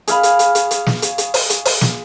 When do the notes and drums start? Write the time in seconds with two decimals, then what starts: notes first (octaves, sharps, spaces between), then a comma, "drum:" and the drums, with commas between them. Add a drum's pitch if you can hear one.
0.07 G#4 F5 B5, drum: hi-hat
0.23 drum: hi-hat
0.39 drum: hi-hat
0.55 drum: hi-hat
0.71 drum: hi-hat
0.86 drum: snare
1.02 drum: hi-hat
1.18 drum: hi-hat
1.34 drum: open hi-hat
1.50 drum: hi-hat
1.65 drum: open hi-hat
1.81 drum: snare